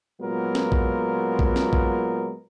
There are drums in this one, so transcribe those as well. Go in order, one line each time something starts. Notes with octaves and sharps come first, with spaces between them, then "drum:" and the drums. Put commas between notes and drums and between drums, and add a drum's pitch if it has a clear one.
A#2 F#3 G#3 B3 F4 A#4
drum: snare
drum: kick A#1
drum: kick A#1
drum: snare
drum: kick A#1